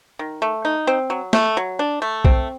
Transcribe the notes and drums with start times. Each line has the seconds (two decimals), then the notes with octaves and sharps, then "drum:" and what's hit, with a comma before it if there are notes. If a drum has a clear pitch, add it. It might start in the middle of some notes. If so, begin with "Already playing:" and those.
0.19 D#3
0.42 A3
0.65 D#4
0.87 C4
1.10 F#3
1.33 A3, drum: snare
1.57 F#3
1.79 D4
2.02 A3
2.25 C4, drum: kick B1